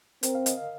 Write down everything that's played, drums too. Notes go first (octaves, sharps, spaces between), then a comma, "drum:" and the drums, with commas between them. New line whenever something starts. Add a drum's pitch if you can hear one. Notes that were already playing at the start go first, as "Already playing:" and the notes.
C4 A#4, drum: hi-hat
F5
D#5, drum: hi-hat
F5